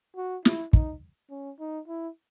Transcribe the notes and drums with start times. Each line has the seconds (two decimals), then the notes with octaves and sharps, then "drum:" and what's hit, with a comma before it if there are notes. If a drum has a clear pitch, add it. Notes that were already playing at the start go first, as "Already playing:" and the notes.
0.17 F#4
0.45 E4, drum: snare
0.73 D#4, drum: kick
1.31 C#4
1.60 D#4
1.88 E4